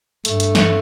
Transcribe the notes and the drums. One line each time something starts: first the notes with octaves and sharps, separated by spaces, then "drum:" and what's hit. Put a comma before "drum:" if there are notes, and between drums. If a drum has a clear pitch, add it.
G2 A3, drum: hi-hat
drum: hi-hat
drum: snare